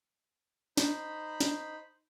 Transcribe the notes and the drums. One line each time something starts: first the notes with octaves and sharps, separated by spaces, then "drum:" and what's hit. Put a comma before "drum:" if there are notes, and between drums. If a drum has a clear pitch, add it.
D#4 C5 B5, drum: snare
drum: snare